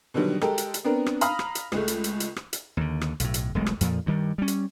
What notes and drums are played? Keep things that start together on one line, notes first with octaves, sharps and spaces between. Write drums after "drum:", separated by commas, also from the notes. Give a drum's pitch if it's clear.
B2 D3 D#3 F#3 G3
G#3 G4 A4 A#4, drum: rim click
drum: hi-hat
drum: hi-hat
B3 C4 D4 A#4
drum: rim click
F5 A#5 B5 D#6 F6, drum: hi-hat
drum: rim click
drum: hi-hat
C#2 G#3 A3, drum: rim click
drum: hi-hat
drum: hi-hat
drum: hi-hat
drum: rim click
drum: hi-hat
D#2 D3
drum: rim click
B1 A2, drum: hi-hat
drum: hi-hat
E1 B1 G#3 A3
drum: rim click
F2 A#2 F3, drum: hi-hat
G2 D#3 G3
G3 C#4
drum: hi-hat